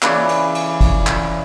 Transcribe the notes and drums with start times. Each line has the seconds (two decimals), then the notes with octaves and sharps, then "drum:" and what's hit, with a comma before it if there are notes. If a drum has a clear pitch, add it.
0.02 C#3 E3 C#5 D5, drum: clap
0.28 drum: cymbal
0.55 drum: cymbal
0.81 drum: kick, cymbal
1.07 drum: clap